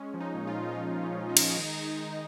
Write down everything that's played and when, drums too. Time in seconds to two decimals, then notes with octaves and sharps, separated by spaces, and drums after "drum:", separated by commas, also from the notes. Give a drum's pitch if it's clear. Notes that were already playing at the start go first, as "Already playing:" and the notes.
Already playing: G#3 C#4
0.14 F3
0.20 D#4
0.35 A#2
0.47 F4
0.54 A#2
0.68 F4
0.75 G#3 D#4
0.95 A#2
1.02 C#4
1.15 G#3
1.29 D#4
1.37 G#3, drum: cymbal
1.57 D#3
1.77 G#3
1.98 G#3